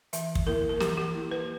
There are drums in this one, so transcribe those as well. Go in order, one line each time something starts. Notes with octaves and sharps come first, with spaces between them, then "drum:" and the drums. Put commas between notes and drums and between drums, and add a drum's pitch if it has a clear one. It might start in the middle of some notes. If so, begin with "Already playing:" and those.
E3 E5, drum: hi-hat
drum: kick
A#3 E4 A#4
A#4
E3 G4, drum: snare
G4
A#3 E4
B4